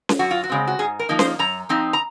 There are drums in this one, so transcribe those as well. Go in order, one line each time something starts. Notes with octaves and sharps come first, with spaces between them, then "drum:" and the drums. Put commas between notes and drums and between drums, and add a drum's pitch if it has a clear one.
drum: snare C#4
F#2 F#4
F4
F#4
C#3 G#3 C4
F#4
G#2 G#4
A#4
F3 A#3 D#4
C5, drum: snare C#4
F#2 A#5
F3 C4 D#4
A#5